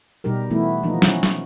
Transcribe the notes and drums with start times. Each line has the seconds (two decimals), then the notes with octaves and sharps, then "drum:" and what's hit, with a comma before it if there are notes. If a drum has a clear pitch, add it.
0.24 B2 G3 D#4 G4 A#4
0.51 E3 A3 B3 E4
0.83 D#3 F3 A#3 B3 D#4
1.02 C#4, drum: snare
1.23 drum: snare